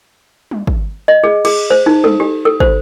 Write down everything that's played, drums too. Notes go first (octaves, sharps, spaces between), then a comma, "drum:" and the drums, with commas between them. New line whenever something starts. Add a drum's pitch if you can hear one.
drum: tom G3
drum: kick
D#5
G#4
G#4, drum: cymbal
C5
D#4
A4, drum: tom G3
G4
A4
C5, drum: kick